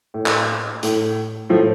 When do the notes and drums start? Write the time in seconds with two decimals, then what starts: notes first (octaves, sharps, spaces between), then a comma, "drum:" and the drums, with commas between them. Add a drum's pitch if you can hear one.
0.14 A2
0.26 drum: clap
0.83 A2, drum: hi-hat
1.50 A2 F3